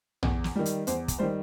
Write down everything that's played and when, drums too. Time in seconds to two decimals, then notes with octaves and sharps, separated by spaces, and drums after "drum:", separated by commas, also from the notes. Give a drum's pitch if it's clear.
0.23 E2, drum: tom A#1
0.44 drum: snare
0.55 D#3 G3
0.66 drum: hi-hat
0.87 E2 C5, drum: hi-hat
1.08 drum: kick, hi-hat
1.18 D#3 G3 C5